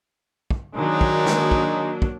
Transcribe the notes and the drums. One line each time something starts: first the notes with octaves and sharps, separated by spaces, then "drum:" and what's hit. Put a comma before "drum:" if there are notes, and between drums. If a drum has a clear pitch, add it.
drum: kick
D#3 F#3 G#3 A#3 D4 D#4
drum: kick
drum: snare
drum: kick
drum: kick